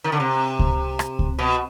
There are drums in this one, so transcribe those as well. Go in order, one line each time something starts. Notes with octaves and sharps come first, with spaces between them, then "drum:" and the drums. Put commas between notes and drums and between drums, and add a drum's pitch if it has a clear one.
D#3
D3
C3
drum: kick C#2
drum: rim click
drum: kick C#2
B2